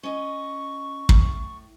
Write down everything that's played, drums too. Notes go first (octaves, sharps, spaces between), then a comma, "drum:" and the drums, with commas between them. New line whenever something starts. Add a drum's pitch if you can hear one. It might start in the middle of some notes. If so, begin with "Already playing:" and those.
C#4 D#5 C#6
C#4, drum: kick
A2